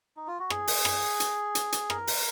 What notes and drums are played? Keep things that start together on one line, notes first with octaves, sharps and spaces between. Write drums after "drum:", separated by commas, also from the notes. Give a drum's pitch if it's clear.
D#4
F4
F#4
G#4, drum: rim click
drum: open hi-hat
drum: rim click
drum: hi-hat
drum: hi-hat
drum: hi-hat
A#4, drum: rim click
drum: open hi-hat